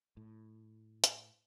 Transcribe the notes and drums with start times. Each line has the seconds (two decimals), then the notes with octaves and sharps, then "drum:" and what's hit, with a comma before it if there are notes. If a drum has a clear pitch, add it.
0.17 A2
1.04 drum: hi-hat